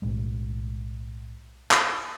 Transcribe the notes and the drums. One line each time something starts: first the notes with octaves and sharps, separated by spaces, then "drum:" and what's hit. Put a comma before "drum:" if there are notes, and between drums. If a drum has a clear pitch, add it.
B1 A2 G#3 A3
drum: clap